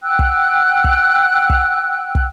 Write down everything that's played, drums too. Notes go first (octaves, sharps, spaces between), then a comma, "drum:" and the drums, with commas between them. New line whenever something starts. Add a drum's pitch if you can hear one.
F#5 G5 E6 F#6
drum: kick
drum: kick
drum: kick
drum: kick